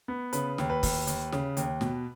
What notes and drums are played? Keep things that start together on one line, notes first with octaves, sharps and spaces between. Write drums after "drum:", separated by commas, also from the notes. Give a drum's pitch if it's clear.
B3
C#3 B4, drum: hi-hat
D#2, drum: snare
B4
D#2, drum: kick, open hi-hat
D#2, drum: hi-hat
C#3, drum: snare
D#2, drum: hi-hat
B2, drum: snare